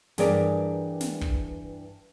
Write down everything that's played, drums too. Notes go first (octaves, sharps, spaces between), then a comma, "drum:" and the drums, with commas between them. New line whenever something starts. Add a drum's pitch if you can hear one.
G2 E3 G#4 A#4 D5, drum: snare
drum: snare
drum: kick